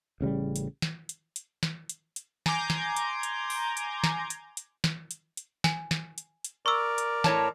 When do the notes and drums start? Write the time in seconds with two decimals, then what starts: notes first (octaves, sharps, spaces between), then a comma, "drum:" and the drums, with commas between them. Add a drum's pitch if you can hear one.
0.21 A1 C#3 F#3 G3
0.56 drum: hi-hat
0.82 drum: snare
1.09 drum: hi-hat
1.36 drum: hi-hat
1.63 drum: snare
1.89 drum: hi-hat
2.16 drum: hi-hat
2.46 G#5 A#5 C6 D6 G6 G#6, drum: snare
2.70 drum: snare
2.97 drum: hi-hat
3.23 drum: hi-hat
3.50 drum: open hi-hat
3.77 drum: hi-hat
4.04 drum: snare
4.30 drum: hi-hat
4.57 drum: hi-hat
4.84 drum: snare
5.11 drum: hi-hat
5.37 drum: hi-hat
5.64 G#5, drum: snare
5.91 drum: snare
6.18 drum: hi-hat
6.44 drum: hi-hat
6.66 A#4 D5 C#6 E6
6.98 drum: hi-hat
7.24 A2 C#5 A5, drum: snare